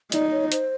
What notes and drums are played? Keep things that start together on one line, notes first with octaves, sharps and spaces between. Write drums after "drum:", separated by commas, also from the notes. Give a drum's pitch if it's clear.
D#4 D5, drum: hi-hat
C#5
C5, drum: hi-hat